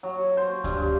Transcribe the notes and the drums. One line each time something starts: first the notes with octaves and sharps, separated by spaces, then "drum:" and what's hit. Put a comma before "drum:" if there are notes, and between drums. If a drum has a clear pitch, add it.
F#3
C5
G2, drum: kick D2, hi-hat